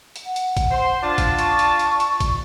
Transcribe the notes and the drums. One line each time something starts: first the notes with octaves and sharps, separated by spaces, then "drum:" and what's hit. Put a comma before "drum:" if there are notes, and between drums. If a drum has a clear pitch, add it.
drum: hi-hat
F#5
drum: hi-hat
drum: kick, hi-hat
C5 C6
D4 F4 A5
drum: kick, hi-hat
C#6, drum: hi-hat
drum: hi-hat
drum: hi-hat
drum: hi-hat
drum: kick, hi-hat